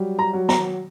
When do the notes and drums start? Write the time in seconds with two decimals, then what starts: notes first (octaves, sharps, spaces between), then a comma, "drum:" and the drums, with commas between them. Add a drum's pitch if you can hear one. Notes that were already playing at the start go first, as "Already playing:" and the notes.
Already playing: F#3 G3
0.19 A#5
0.33 F#3
0.49 A#5, drum: snare